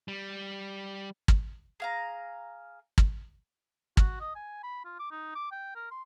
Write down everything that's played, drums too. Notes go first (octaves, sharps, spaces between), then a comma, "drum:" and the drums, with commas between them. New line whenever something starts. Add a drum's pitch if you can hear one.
G3
drum: kick
G#4 F5 A#5
drum: kick
F#4, drum: kick
D#5
G#5
B5
F4
D6
D#4
D6
G5
A#4
C6